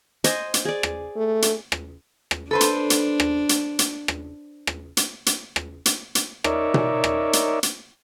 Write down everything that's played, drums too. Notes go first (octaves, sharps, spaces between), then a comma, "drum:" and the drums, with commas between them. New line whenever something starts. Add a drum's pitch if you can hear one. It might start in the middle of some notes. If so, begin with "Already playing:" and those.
C5 D#5 G#5, drum: hi-hat
drum: hi-hat
G#4 D5
drum: rim click
A3
drum: hi-hat
drum: rim click
drum: rim click
D4 A4 B4 C5
drum: hi-hat
drum: hi-hat
drum: rim click
drum: hi-hat
drum: hi-hat
drum: rim click
drum: rim click
drum: hi-hat
drum: hi-hat
drum: rim click
drum: hi-hat
drum: hi-hat
D#4 A#4 C#5 D5 E5, drum: rim click
drum: tom B2
drum: rim click
drum: hi-hat
drum: hi-hat